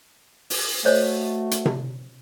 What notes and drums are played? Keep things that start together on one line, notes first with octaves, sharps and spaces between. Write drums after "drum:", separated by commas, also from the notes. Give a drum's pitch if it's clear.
drum: open hi-hat
A3 F#4 C5 C#5 D#5
drum: hi-hat
drum: tom C3